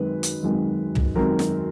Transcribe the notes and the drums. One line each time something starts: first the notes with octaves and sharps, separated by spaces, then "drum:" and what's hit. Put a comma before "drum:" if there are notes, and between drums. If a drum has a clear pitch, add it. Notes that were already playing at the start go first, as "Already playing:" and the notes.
Already playing: F#2 D#3 G#3 C4 B4
drum: hi-hat
F#2 D#3 G#3 C4
drum: tom
F#2 D#3 G#3 C4 A#4
drum: snare